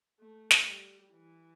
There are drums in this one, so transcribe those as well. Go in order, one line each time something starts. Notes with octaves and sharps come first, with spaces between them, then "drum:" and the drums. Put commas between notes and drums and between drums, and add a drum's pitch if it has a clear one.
A3
drum: snare
G3
E3